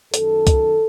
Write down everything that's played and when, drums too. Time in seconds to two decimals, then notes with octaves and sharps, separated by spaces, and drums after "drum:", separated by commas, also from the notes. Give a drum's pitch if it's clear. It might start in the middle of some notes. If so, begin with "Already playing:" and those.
0.14 F#2 D#3 A4, drum: hi-hat
0.47 drum: kick C2, hi-hat